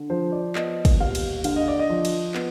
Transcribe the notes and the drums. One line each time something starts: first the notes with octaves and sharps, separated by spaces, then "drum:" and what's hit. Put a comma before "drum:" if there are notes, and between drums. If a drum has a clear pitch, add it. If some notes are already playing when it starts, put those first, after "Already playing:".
Already playing: D3
F3 C5
D5
B3 D#5, drum: clap
drum: kick, cymbal
D#2 F5
drum: cymbal
D3 F5, drum: cymbal
D#5
D5
D#5
F3
drum: cymbal
B3, drum: clap